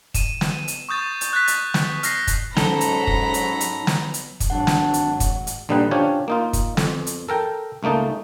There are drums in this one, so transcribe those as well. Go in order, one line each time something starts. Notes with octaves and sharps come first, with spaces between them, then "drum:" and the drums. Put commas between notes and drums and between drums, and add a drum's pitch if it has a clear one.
D#7 E7, drum: kick, hi-hat
drum: snare
drum: hi-hat
C#6 D#6 G6 A6
drum: hi-hat
F#6 G6 A6 B6
drum: hi-hat
drum: snare
F6 A#6 C7, drum: hi-hat
drum: kick, hi-hat
G#2 F#3 C#4 D#4 A4 A#5 B5, drum: snare
drum: hi-hat
drum: kick
drum: hi-hat
drum: hi-hat
drum: snare
drum: hi-hat
drum: kick, hi-hat
G#1 F#3 D4 F#5
drum: snare
drum: hi-hat
drum: kick, hi-hat
drum: hi-hat
A#1 D3 G3 D#4 B4
C#4 D4 F4 G4 C5 C#5
A#3 D#4 F4
drum: kick, hi-hat
F2, drum: snare
drum: hi-hat
A4 A#4 G5
C#2 A3 A#3 D#4 A5